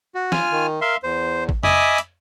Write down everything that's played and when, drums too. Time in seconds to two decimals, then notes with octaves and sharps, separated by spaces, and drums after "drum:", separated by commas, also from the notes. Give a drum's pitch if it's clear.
0.15 F#4
0.32 F4 G#5 F6, drum: snare
0.51 D#3
0.81 A#4 E5 F5 C6
1.03 E2 C5
1.49 drum: kick
1.63 D#5 E5 G#5 B5 D6 D#6, drum: tom F2
1.98 drum: hi-hat